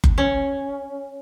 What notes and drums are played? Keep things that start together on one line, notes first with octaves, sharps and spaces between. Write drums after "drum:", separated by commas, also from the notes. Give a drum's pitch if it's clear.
drum: kick F#1
C#4